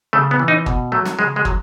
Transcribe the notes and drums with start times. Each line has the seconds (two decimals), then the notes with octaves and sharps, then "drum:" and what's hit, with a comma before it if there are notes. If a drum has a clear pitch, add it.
0.13 C#3 A3
0.31 B3
0.39 E3
0.48 D#4
0.66 B2, drum: kick
0.92 F#3 A3
1.06 drum: snare
1.19 C#3 G#3
1.36 G#3
1.45 F#3, drum: kick